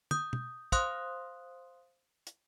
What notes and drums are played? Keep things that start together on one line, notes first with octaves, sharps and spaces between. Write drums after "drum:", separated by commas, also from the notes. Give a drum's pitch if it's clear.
D#6 G6, drum: tom
drum: tom
C5 F5 C6 D#6 F#6, drum: kick
drum: hi-hat